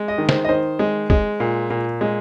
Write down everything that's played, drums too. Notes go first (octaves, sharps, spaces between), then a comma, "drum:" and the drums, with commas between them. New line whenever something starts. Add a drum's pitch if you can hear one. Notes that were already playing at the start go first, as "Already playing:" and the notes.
Already playing: G#3
D#5
D#3
C5, drum: snare
D#5
D#3 C5
G#3
G#3, drum: kick F1
A#2
A#2
G#3